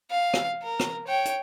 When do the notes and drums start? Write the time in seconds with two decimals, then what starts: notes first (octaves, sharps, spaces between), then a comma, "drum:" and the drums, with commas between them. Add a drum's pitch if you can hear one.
0.11 F5
0.34 drum: rim click
0.63 A#4
0.80 drum: rim click
1.07 C#5 G5
1.25 drum: hi-hat